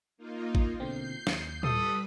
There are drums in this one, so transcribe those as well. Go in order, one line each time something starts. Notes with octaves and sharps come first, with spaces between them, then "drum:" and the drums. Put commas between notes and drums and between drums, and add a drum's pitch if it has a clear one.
A#3 D#4 F4
drum: kick G#1
B2 D3 C4 G6 C7
D#2, drum: snare
G3 A4 B4 B5 D#6, drum: tom